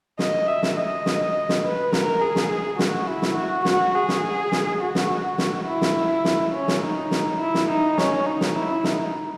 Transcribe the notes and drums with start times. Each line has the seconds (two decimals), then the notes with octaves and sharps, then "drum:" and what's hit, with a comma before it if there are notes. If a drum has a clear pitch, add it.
0.19 D#5, drum: snare
0.48 E5
0.63 drum: snare
0.77 D#5
1.06 drum: snare
1.49 drum: snare
1.64 B4
1.92 A#4, drum: snare
2.21 G#4
2.36 drum: snare
2.79 F#4, drum: snare
3.07 E4
3.22 drum: snare
3.37 F#4
3.65 F#4, drum: snare
3.94 G#4
4.09 drum: snare
4.52 drum: snare
4.81 F#4
4.95 drum: snare
5.09 F#4
5.38 drum: snare
5.66 E4
5.82 drum: snare
6.25 drum: snare
6.53 C#4
6.68 drum: snare
6.82 D#4
7.11 drum: snare
7.40 E4
7.54 drum: snare
7.69 D#4
7.98 C#4, drum: snare
8.26 D#4
8.41 drum: snare
8.55 E4
8.84 D#4, drum: snare